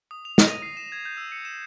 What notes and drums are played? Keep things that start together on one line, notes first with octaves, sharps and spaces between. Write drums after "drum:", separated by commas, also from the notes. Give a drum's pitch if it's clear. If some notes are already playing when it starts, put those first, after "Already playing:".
D#6
F7
A#6, drum: snare
D#7
C7
E7
G#6
G6
E6
C#7
E7